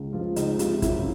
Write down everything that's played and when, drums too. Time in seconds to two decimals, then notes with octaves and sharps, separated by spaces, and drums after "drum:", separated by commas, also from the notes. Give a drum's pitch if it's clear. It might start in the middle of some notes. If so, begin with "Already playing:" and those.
Already playing: C#2
0.13 F3 F4
0.36 C#2 D#4, drum: hi-hat
0.59 C3 F4, drum: hi-hat
0.74 F4
0.82 F#2 E4, drum: kick, hi-hat